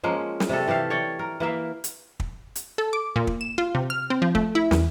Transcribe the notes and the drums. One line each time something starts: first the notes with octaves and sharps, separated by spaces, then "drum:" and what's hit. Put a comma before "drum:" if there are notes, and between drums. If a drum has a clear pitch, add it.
F3 G#3 A#3 C#4
drum: snare
C3 G3 A3 A4
E3 G4 A4 F5
C#5 D5 G5
A#4
E3 A#3 E5 F5
drum: hi-hat
drum: kick
drum: hi-hat
A4
D6
A#2
drum: kick
E7
F4
C3
F6
C4
F3
A3, drum: kick
E4
E2, drum: snare